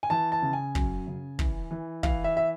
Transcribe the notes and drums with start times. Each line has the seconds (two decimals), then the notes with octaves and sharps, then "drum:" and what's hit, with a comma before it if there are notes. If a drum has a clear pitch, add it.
0.03 G#5
0.10 E3 A5
0.32 A5
0.42 C#3
0.53 G#5
0.75 F#2, drum: kick
1.07 C#3
1.39 E3, drum: kick
1.71 E3
2.03 E3 F5, drum: kick
2.24 E5
2.37 E5